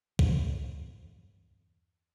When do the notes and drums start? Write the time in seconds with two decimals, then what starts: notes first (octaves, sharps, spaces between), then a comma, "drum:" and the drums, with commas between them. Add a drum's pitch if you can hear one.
0.19 E2 G2, drum: kick